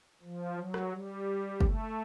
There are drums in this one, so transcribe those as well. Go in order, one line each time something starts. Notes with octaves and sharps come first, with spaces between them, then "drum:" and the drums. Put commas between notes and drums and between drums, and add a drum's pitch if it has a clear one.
F3
F#3
drum: rim click
G3
A3, drum: kick F#1